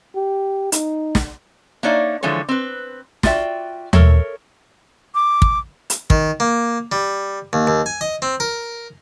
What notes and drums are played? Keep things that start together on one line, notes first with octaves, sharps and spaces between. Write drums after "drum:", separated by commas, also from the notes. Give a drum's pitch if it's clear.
G4
D#4, drum: hi-hat
drum: snare
A#3 D4 D#4 C#5 D5 E5
D3 E3 F3 G#3 C#5
C4 B4
F4 F#4 D5 E5 G5, drum: snare
A4 A#4 C#5 E5, drum: tom D#2
D6
drum: kick
drum: hi-hat
D#3, drum: kick
A#3
G3
D#2
D#2
G#5
D#5
C4
A#4